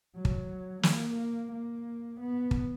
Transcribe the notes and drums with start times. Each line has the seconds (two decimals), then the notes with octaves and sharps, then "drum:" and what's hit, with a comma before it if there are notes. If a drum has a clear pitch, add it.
0.15 F#3
0.25 drum: kick
0.83 A#3, drum: snare
1.52 A#3
2.20 B3
2.51 drum: kick